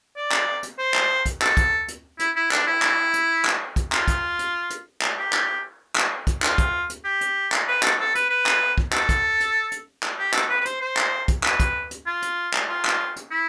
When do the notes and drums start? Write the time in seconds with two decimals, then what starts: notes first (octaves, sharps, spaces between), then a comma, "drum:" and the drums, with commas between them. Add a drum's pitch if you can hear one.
0.17 D5
0.32 drum: clap
0.63 drum: hi-hat
0.78 C5
0.94 drum: clap
1.26 drum: kick, hi-hat
1.42 A4, drum: clap
1.57 drum: kick, hi-hat
1.88 drum: hi-hat
2.19 E4, drum: hi-hat
2.36 E4
2.51 D4, drum: clap
2.67 E4
2.82 drum: clap
3.14 drum: hi-hat
3.45 drum: clap
3.76 drum: kick, hi-hat
3.92 F4, drum: clap
4.08 drum: kick, hi-hat
4.39 drum: hi-hat
4.70 drum: hi-hat
5.02 drum: clap
5.17 G4
5.33 drum: clap
5.96 drum: clap
6.27 drum: kick, hi-hat
6.42 F4, drum: clap
6.58 drum: kick, hi-hat
6.90 drum: hi-hat
7.05 G4
7.21 drum: hi-hat
7.52 drum: clap
7.68 B4
7.83 A4, drum: clap
8.00 A4
8.15 B4, drum: hi-hat
8.30 B4
8.46 drum: clap
8.78 drum: kick
8.93 A4, drum: clap
9.09 drum: kick, hi-hat
9.40 drum: hi-hat
9.72 drum: hi-hat
10.03 drum: clap
10.18 G4
10.34 A4, drum: clap
10.49 B4
10.60 B4
10.65 C5, drum: hi-hat
10.81 C5
10.97 drum: clap
11.28 drum: kick, hi-hat
11.43 B4, drum: clap
11.60 drum: kick, hi-hat
11.91 drum: hi-hat
12.06 F4
12.22 drum: hi-hat
12.54 drum: clap
12.69 F4
12.85 drum: clap
13.16 drum: hi-hat
13.31 E4